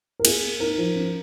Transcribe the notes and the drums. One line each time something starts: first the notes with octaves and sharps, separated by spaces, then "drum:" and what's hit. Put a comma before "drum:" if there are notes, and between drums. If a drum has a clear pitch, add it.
A#4
A#3 G#4, drum: cymbal
A#3
D#4 A#4
F3
C#4